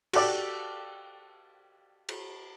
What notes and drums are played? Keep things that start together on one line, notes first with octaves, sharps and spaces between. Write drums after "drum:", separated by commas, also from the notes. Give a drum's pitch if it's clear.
F#4 G4 A4 D5 D6, drum: cymbal
drum: cymbal